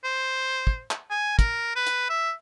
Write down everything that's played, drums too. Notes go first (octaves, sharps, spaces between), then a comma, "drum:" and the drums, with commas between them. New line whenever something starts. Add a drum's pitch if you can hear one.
C5
drum: kick
drum: clap
G#5
A#4, drum: kick, hi-hat
B4
drum: hi-hat
E5